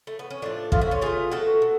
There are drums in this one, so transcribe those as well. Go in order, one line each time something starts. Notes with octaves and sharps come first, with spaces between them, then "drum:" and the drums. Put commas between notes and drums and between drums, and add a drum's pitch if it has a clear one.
A3
B3
C#4
A2 F3 A3 B3 D4
A2 F3 A3 F4, drum: kick
F#4
C#4 F4
B2 A3 F4 G#4
B2 A3 F#4 A4
B2